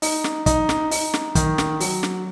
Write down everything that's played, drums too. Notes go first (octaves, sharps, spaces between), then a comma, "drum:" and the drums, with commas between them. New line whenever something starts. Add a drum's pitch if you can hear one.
D#4, drum: open hi-hat
drum: snare
D#4, drum: kick, hi-hat
drum: snare
D#4, drum: open hi-hat
drum: snare
D#3, drum: kick, hi-hat
drum: snare
F#3, drum: open hi-hat
drum: snare